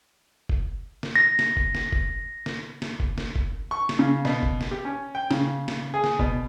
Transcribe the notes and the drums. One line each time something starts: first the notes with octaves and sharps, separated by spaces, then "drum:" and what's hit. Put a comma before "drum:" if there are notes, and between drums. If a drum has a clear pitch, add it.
drum: kick F#1
drum: snare
A#6
drum: snare
drum: kick F#1
drum: snare
drum: kick F#1
drum: snare
drum: snare
drum: kick F#1
drum: snare
drum: kick F#1
C#6
drum: snare
C#3
B2, drum: snare
drum: kick F#1
drum: snare
G4
C#4
G5
C#3, drum: snare
drum: snare
G#4
drum: snare
B2, drum: kick F#1